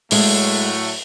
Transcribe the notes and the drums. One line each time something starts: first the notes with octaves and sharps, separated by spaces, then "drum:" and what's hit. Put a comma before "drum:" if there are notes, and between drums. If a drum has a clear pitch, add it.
A2 F#3 G#3 A3, drum: open hi-hat